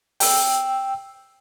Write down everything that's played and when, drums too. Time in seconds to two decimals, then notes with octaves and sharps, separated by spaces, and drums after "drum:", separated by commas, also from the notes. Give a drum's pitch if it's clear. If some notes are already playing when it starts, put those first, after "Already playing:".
0.20 G5 E6, drum: open hi-hat